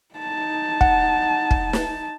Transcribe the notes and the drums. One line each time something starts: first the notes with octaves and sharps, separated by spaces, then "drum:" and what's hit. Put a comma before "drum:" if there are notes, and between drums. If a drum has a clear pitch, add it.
D#4 A5
F#5, drum: kick
drum: kick
drum: snare